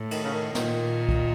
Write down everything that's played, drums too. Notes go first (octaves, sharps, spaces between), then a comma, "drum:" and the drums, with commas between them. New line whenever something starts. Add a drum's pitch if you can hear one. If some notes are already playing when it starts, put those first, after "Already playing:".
Already playing: A2
D#3, drum: cymbal
C#3
D#3
A#2 D#3, drum: snare
drum: kick